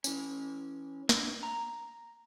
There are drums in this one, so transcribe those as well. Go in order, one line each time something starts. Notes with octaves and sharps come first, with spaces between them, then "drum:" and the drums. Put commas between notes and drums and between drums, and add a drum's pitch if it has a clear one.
E3 C#4, drum: tambourine
D4 E5, drum: snare
A#5